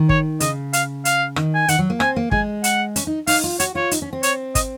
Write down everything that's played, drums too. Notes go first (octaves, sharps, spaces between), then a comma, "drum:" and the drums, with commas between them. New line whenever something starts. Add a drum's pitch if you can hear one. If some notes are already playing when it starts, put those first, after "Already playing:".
Already playing: D#3
C#5, drum: kick
C#3 D#5, drum: hi-hat
F5, drum: hi-hat
F5, drum: hi-hat
D#3, drum: rim click
G#5
D#3 F#5, drum: hi-hat
F#3
A#3
C4 G#5, drum: rim click
A#3
G#3 G#5, drum: kick
F#5, drum: hi-hat
C#4, drum: hi-hat
D#4
D#4 F5, drum: open hi-hat
F4
F#4 C#5, drum: hi-hat
F4 C#5
D#4, drum: hi-hat
C#4
C4
C#5, drum: hi-hat
D#5, drum: kick, hi-hat